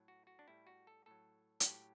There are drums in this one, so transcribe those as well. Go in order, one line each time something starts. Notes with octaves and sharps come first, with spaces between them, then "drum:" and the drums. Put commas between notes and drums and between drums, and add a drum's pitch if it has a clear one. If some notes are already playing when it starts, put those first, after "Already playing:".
Already playing: A2 F#3
F#4
F#4
D4
A2 G3 E4
F#4
A4
A2 F#3 A4
F#4, drum: hi-hat
A2 F#3 G4